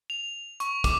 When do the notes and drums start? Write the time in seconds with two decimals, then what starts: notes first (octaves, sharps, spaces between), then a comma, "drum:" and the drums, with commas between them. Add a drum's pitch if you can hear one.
0.10 F7
0.60 C#6, drum: hi-hat
0.84 D6, drum: kick, hi-hat